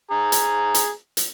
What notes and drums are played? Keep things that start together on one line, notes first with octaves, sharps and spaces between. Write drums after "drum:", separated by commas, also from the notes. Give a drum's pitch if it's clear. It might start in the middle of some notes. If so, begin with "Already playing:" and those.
G#4 A#5
drum: hi-hat
drum: hi-hat
drum: hi-hat